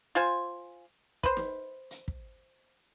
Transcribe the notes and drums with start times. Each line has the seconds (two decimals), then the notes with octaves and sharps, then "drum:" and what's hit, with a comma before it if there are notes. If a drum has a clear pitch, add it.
0.15 F4 C5 G#5
1.23 B4 C5, drum: kick
1.37 drum: snare
1.91 drum: hi-hat
2.08 drum: kick